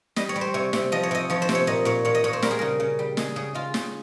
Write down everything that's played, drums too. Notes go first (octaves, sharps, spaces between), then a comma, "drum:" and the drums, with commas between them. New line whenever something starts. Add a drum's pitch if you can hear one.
G3 D#5, drum: snare
C#5
G3
C5
C3 C#5
C3, drum: snare
F3 D#5
C#5
C3 D#5
F3 C#5
C5
C3, drum: snare
C#5
A#2 D#5
A#2 C#5
A#2 C#5
D#5
A#2 C#5
C5
G3 A#4, drum: snare
G#4
C#3 A#4
C#3
G3
G#3 G#4, drum: snare
C#3 G#4
G#3 F4
C#3, drum: snare